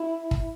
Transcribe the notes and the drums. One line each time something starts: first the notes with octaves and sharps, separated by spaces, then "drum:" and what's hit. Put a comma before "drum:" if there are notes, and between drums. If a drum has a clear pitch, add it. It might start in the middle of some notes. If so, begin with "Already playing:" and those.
Already playing: E4
drum: kick